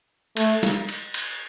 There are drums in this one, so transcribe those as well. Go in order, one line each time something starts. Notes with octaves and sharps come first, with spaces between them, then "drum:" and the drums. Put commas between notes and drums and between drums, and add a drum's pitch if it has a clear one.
A3, drum: cymbal
drum: snare
drum: cymbal
drum: cymbal